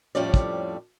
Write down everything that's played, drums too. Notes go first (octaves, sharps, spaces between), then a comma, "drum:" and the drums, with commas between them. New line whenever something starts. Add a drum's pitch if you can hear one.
F2 A2 F3 G3 C#4 D5
drum: kick